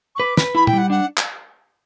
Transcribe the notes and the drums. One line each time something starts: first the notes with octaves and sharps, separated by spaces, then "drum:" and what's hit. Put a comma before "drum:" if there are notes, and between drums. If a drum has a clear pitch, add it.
C#6
B4 D6
B4, drum: snare
E4 B5
G5, drum: tom
G3 F#5
D4 F#5
drum: clap